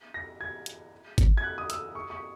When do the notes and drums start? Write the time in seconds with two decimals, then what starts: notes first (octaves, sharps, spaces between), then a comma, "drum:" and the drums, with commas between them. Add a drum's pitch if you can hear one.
0.14 A#6
0.41 G#6
0.66 drum: hi-hat
1.18 drum: kick G1, hi-hat
1.37 G#6
1.44 F#6
1.58 D#6
1.70 E6, drum: hi-hat
1.95 C#6
2.10 C#6